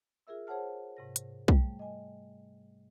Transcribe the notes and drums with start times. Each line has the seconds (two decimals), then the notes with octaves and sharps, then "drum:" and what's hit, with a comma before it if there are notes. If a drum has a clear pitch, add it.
0.27 F4 G#4 A#4 E5 E6
0.47 G#4 C5 C#5 F#5 A5 F6
0.97 G#2 C3 A#6
1.16 drum: hi-hat
1.48 G3 A3, drum: kick
1.79 D#5 G#5